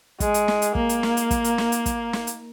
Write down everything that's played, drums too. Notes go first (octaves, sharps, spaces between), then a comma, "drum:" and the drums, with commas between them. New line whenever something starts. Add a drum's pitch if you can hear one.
G#3, drum: kick, hi-hat
drum: hi-hat
drum: snare
drum: hi-hat
A#3, drum: kick
drum: hi-hat
drum: snare
drum: hi-hat
drum: kick, hi-hat
drum: hi-hat
drum: snare
drum: hi-hat
drum: kick, hi-hat
drum: snare
drum: hi-hat